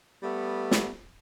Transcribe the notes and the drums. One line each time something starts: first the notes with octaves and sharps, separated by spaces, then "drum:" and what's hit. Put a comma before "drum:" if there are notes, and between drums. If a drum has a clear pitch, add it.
G3 A3 B3
drum: snare